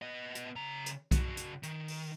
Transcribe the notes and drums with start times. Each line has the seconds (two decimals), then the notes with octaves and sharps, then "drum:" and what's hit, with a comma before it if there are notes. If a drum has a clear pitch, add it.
0.02 B3 D#5
0.35 drum: hi-hat
0.56 C#3 A#5
0.86 drum: hi-hat
1.11 C#3 F#4, drum: kick B1, hi-hat
1.37 drum: hi-hat
1.63 D#3, drum: hi-hat
1.88 drum: open hi-hat